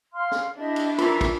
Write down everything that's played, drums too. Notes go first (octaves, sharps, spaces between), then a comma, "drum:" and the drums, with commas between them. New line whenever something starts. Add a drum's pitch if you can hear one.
F5 C6 F6
drum: snare
D4 E4 G4 D#5 E5
drum: cymbal
D#3 E3 F4 A#5, drum: cymbal
drum: kick, cymbal